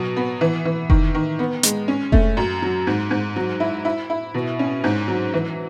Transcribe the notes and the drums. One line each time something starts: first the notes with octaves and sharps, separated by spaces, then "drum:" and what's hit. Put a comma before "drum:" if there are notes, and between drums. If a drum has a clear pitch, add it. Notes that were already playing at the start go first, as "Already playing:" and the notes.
Already playing: B2 F#3
B3
E3
E3
D#3, drum: kick F1
D#3
B3
G#3, drum: hi-hat
C#4
A3, drum: kick F1
F#2
F#3
G#2
G#2
F#3
E4
E4
E4
B2
C#4
G#2
F#3
E3